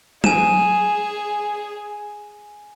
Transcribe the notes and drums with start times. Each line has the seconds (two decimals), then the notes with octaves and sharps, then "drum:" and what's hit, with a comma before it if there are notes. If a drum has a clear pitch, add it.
0.24 G#4 G#5 D#7 E7, drum: tom F#3